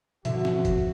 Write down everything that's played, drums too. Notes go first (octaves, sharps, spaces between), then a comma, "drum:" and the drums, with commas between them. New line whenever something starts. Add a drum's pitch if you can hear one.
G#2 B2 D3 F3 F#4 E5, drum: hi-hat
drum: snare
drum: kick, hi-hat